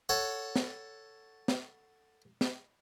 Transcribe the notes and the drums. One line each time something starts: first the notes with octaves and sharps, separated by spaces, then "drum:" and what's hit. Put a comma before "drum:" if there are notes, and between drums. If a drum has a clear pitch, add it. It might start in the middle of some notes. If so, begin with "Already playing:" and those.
A4 C#5 F#5
drum: snare
drum: snare
drum: snare